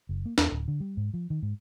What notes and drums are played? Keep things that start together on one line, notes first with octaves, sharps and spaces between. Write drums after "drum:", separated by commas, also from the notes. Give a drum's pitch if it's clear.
F#1
A#3
E2, drum: snare
D1
D3
G3
G#2
F3
D#3
G#2